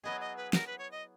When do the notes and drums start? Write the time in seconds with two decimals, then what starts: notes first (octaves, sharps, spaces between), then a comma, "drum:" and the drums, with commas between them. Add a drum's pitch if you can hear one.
0.04 F#3 B3 E4 G#4 D#5
0.20 D#5
0.37 B4
0.53 A#4, drum: snare
0.67 B4
0.78 C#5
0.92 D#5